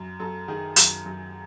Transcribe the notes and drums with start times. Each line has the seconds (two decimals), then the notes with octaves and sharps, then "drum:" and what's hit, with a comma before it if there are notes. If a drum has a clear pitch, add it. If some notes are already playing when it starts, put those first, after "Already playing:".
Already playing: F#2
0.20 F#2 A4
0.48 D#3 G#4
0.76 F#2, drum: hi-hat
1.06 F#2